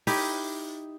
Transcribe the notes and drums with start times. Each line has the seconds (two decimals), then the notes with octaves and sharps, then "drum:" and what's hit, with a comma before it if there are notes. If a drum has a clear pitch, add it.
0.07 D#4 E4 G4, drum: open hi-hat